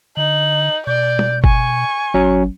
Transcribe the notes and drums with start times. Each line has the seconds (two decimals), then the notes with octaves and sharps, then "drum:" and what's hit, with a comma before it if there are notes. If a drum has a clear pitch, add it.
0.17 D3 D#4 F#7
0.87 B2 D5 G6
1.19 drum: tom
1.44 G#5 C#6, drum: kick G1
2.14 G#1 F#3 C#4